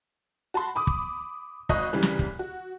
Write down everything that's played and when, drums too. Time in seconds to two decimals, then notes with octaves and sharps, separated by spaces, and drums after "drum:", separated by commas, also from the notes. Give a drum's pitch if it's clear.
0.54 F#4 A5 B5 C6
0.75 B5 D6 D#6
0.87 drum: kick
1.69 G#1 D#5 C#6 F#6, drum: kick
1.93 C2 C#3 E3 G3
2.03 drum: snare
2.19 drum: kick
2.39 F#4